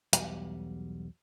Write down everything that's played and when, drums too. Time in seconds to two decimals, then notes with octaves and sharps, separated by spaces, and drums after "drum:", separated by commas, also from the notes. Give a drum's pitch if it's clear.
0.13 B1 E2 G3 F#4, drum: hi-hat